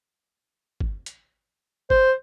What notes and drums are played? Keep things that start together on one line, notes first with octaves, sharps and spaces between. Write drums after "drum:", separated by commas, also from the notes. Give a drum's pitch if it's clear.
drum: kick
drum: hi-hat
C5, drum: kick